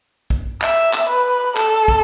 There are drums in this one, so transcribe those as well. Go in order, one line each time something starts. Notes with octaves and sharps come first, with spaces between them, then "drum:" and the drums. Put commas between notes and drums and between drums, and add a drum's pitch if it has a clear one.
drum: kick
E5, drum: clap
drum: clap
B4
A4, drum: clap
drum: kick